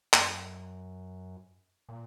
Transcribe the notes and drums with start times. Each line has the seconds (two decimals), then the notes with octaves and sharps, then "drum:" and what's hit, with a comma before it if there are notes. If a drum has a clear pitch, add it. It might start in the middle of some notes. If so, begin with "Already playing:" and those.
0.13 F#2, drum: clap
1.89 A#2